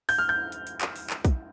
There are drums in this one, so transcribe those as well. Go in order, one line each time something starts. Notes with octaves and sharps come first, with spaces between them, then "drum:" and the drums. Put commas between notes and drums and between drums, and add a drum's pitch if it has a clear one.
G6, drum: open hi-hat
F6
G6
drum: hi-hat
drum: hi-hat
drum: clap
drum: open hi-hat
drum: clap
drum: kick, hi-hat